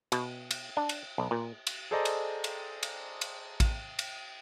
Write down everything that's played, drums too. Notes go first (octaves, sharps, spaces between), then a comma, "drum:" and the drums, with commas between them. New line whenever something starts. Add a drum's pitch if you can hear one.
B2, drum: cymbal
drum: cymbal
D4
drum: cymbal
B1
A#2
drum: cymbal
G#4 A4 C5 D5 D#5 A#5
drum: cymbal
drum: cymbal
drum: cymbal
drum: cymbal
drum: kick A1, cymbal
drum: cymbal